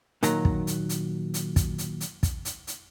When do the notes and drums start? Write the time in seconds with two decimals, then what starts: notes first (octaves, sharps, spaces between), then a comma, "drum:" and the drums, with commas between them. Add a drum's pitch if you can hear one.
0.23 A#2 D#3 F#3 A#5, drum: hi-hat
0.45 drum: kick
0.67 drum: hi-hat
0.89 drum: hi-hat
1.34 drum: hi-hat
1.56 drum: kick, hi-hat
1.78 drum: hi-hat
2.01 drum: hi-hat
2.23 drum: kick, hi-hat
2.45 drum: hi-hat
2.67 drum: hi-hat